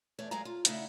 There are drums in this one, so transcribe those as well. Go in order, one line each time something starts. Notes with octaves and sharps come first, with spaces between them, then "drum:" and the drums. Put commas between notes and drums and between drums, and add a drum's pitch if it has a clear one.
E2 A3 C#5 D5
F#3 G#3 D5 F5 G#5 A#5
F4
C#3 A3 D#4 E4 D5 F#5, drum: hi-hat